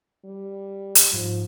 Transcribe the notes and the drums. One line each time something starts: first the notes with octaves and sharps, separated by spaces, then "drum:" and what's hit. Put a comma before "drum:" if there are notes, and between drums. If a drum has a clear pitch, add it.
G3
drum: hi-hat
G#2 F3